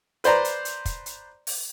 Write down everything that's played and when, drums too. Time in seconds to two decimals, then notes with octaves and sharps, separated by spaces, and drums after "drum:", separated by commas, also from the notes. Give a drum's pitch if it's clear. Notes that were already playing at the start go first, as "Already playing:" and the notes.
0.24 B4 C5 D5 A#5, drum: hi-hat
0.45 drum: hi-hat
0.65 drum: hi-hat
0.85 drum: kick, hi-hat
1.06 drum: hi-hat
1.47 drum: open hi-hat